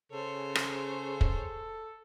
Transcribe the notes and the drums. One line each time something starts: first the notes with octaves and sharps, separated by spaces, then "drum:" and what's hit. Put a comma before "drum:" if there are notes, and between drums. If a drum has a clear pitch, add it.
C#3 G#4 A4 C5 C#5
drum: rim click
drum: kick